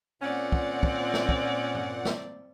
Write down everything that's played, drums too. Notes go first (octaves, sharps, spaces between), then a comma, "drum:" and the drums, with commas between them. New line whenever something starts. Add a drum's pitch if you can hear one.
A#2 C4 C#4 D5 F#5
drum: kick
drum: kick
drum: snare
drum: kick
drum: tom G2
drum: snare